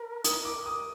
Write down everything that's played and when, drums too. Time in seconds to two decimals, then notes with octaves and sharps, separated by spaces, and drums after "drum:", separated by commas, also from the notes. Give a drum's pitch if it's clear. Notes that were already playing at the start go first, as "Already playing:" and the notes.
Already playing: A#4
0.24 D#6, drum: hi-hat
0.45 D6
0.66 D#6